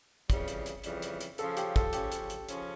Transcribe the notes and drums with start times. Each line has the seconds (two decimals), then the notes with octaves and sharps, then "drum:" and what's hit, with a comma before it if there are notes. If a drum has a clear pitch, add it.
0.30 F2 C#3 E3 G3, drum: kick, hi-hat
0.48 drum: hi-hat
0.66 drum: hi-hat
0.84 F2 C#3 E3 G3, drum: hi-hat
1.02 drum: hi-hat
1.21 drum: hi-hat
1.38 C#3 F3 C#4 A4, drum: hi-hat
1.57 G4, drum: hi-hat
1.76 A4, drum: kick, hi-hat
1.93 C#3 F3 C#4 G4, drum: hi-hat
2.12 drum: hi-hat
2.30 drum: hi-hat
2.49 C#3 F3 C#4, drum: hi-hat